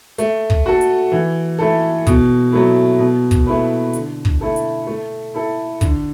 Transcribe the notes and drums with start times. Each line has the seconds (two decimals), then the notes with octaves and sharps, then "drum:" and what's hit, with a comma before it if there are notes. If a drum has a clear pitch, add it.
0.18 A3, drum: hi-hat
0.50 drum: kick
0.66 F#4 A4
0.81 drum: hi-hat
1.12 E3
1.59 A3 E4 A4
2.07 B2, drum: kick, hi-hat
2.52 F#3 A3 E4
2.99 B2
3.31 drum: kick, hi-hat
3.46 A3 E4 B4
3.93 D3, drum: hi-hat
4.25 drum: kick
4.41 A3 E4 A4
4.56 drum: hi-hat
4.87 A3
5.34 E4 A4
5.81 D3, drum: kick, hi-hat